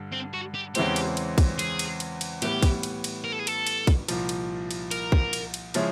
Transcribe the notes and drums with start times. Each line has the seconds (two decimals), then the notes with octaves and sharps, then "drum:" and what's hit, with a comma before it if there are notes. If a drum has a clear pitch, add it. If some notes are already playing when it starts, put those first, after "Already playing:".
Already playing: G2 D3
0.13 C4
0.34 F#4
0.55 G4
0.75 E2 C#3 E3 G#3 C4 G4, drum: cymbal
0.96 drum: cymbal
1.17 drum: cymbal
1.38 drum: kick, cymbal
1.59 G#4, drum: cymbal
1.79 drum: cymbal
2.00 drum: cymbal
2.21 drum: cymbal
2.42 A2 E3 G3 B3 G4, drum: cymbal
2.63 drum: kick, cymbal
2.83 drum: cymbal
3.04 drum: cymbal
3.24 A#4
3.32 A4
3.39 G#4
3.47 A4, drum: cymbal
3.67 drum: cymbal
3.87 drum: kick, cymbal
4.08 C2 A#2 F3, drum: cymbal
4.29 drum: cymbal
4.71 drum: cymbal
4.91 A#4, drum: cymbal
5.12 drum: kick
5.33 drum: cymbal
5.54 drum: cymbal
5.74 C#3 F3 G#3 C#4 E4, drum: cymbal